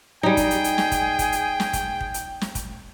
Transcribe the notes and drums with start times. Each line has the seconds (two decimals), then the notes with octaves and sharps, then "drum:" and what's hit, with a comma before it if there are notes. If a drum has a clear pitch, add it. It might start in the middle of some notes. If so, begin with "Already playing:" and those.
0.23 G3 D#4 G#4 G5
0.37 drum: kick, hi-hat
0.51 drum: hi-hat
0.64 drum: hi-hat
0.78 drum: snare
0.92 drum: kick, hi-hat
1.19 drum: kick, hi-hat
1.32 drum: hi-hat
1.60 drum: snare
1.73 drum: kick, hi-hat
2.01 drum: kick
2.14 drum: hi-hat
2.41 drum: snare
2.55 drum: kick, hi-hat